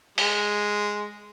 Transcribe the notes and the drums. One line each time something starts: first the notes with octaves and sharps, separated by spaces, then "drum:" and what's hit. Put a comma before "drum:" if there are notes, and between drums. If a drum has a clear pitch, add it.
G#3, drum: open hi-hat